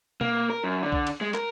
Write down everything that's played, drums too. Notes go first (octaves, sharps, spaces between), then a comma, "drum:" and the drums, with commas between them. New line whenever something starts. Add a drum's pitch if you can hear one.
A#3, drum: tom B2
A#4
F#2
D3
drum: kick A#1
drum: cymbal
G#3
A#4, drum: clap